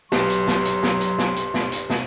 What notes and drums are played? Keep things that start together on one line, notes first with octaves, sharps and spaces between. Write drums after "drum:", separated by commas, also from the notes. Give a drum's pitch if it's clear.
B1 F#3 G4 B4 C6, drum: snare
drum: hi-hat
drum: snare
drum: hi-hat
drum: snare
drum: hi-hat
drum: snare
drum: hi-hat
drum: snare
drum: hi-hat
drum: snare